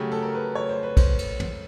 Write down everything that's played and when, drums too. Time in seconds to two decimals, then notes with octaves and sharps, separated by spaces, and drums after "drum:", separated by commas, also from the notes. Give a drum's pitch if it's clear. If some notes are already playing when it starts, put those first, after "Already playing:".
Already playing: C#3 F#3 A3 G4
0.12 A4
0.22 A#4
0.34 B4
0.55 C#5
0.69 C5
0.83 B4
0.97 C5, drum: kick, cymbal
1.19 drum: cymbal
1.40 drum: tom